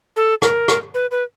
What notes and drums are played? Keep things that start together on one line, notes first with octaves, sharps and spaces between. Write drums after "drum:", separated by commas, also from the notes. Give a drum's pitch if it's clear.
A4
A#4, drum: rim click
drum: rim click
B4
B4